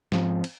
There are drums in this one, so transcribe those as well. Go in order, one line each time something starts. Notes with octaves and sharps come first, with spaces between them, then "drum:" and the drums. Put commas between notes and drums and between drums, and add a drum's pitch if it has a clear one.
G#2 F3 C4, drum: snare
drum: cymbal